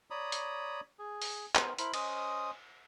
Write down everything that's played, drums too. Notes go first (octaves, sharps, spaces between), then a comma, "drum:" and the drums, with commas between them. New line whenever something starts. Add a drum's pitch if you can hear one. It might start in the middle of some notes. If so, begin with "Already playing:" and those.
C#5 D5 A#5 B5 D#6
drum: hi-hat
G#4
drum: open hi-hat
B3 A#4 C5, drum: clap
E4 A#4 C5 B5, drum: hi-hat
C#4 C5 D#5 D#6, drum: cymbal